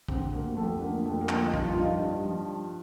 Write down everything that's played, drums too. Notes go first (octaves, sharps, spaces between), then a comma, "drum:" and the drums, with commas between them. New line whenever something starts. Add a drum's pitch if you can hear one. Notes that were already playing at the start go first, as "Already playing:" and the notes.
D3 C4, drum: kick
D2 A#3
F2 A3
D3 A#3
F2 A3
A#3
F2, drum: clap
F4
D#4
G2 F4, drum: kick
F4
G2 D#4
G2
F3